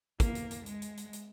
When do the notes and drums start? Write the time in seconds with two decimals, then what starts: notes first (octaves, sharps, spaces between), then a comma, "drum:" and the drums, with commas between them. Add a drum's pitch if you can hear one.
0.20 A#3, drum: kick, hi-hat
0.35 drum: hi-hat
0.51 drum: hi-hat
0.66 G#3, drum: hi-hat
0.82 drum: hi-hat
0.97 drum: hi-hat
1.13 drum: hi-hat